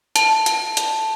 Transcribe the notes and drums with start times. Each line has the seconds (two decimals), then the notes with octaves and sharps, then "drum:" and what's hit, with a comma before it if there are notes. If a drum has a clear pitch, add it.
0.16 A5, drum: hi-hat
0.46 drum: hi-hat
0.77 drum: hi-hat